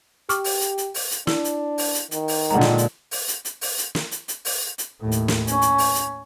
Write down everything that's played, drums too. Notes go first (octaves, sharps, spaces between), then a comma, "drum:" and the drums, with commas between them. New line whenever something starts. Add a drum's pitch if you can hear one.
G4 C#6 D6 F6, drum: hi-hat
drum: open hi-hat
drum: hi-hat
drum: hi-hat
drum: open hi-hat
drum: hi-hat
D4 E4, drum: snare
drum: hi-hat
drum: open hi-hat
drum: hi-hat
D#3, drum: hi-hat
drum: open hi-hat
A#2 D3 G#3 F#5 A#5
drum: snare
drum: hi-hat
drum: open hi-hat
drum: hi-hat
drum: hi-hat
drum: open hi-hat
drum: hi-hat
drum: snare
drum: hi-hat
drum: hi-hat
drum: open hi-hat
drum: hi-hat
D#2 A2
drum: hi-hat
drum: snare
C#4, drum: hi-hat
drum: hi-hat
drum: open hi-hat
drum: hi-hat